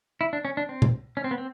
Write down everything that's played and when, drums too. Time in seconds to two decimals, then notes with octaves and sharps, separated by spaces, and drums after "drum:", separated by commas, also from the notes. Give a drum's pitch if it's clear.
0.21 E4
0.33 D4
0.45 C#4
0.57 D4
0.69 C4
0.82 drum: tom A#2
1.17 C#4
1.24 C4
1.31 B3
1.38 C4